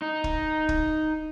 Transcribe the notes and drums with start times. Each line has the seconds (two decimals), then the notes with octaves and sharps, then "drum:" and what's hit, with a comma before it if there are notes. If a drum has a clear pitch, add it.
0.02 D#4
0.24 drum: kick
0.69 drum: kick